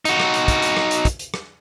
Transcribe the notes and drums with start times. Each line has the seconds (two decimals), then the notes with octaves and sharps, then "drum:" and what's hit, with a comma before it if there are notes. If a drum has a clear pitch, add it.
0.05 D#4 F#4, drum: hi-hat
0.20 drum: rim click
0.34 drum: hi-hat
0.48 drum: kick, hi-hat
0.62 drum: hi-hat
0.77 drum: rim click
0.91 drum: hi-hat
1.05 drum: kick, hi-hat
1.19 drum: hi-hat
1.34 drum: rim click